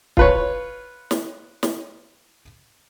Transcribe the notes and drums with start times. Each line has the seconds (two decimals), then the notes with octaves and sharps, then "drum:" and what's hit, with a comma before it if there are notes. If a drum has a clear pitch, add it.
0.17 F4 B4 C#5, drum: kick
1.11 drum: snare
1.63 drum: snare